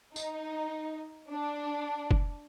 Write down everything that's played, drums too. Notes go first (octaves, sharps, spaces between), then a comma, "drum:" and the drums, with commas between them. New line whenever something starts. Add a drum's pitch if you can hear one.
D#4, drum: tambourine
D4
drum: kick